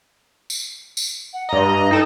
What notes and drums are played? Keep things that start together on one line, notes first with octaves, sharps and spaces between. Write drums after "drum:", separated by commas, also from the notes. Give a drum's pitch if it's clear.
drum: tambourine
drum: tambourine
F#5
G2 D#5 A#5
D#4 A4 G5